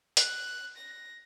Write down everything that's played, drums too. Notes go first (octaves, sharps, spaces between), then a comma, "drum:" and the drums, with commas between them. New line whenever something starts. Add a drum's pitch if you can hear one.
F#6, drum: hi-hat
A#6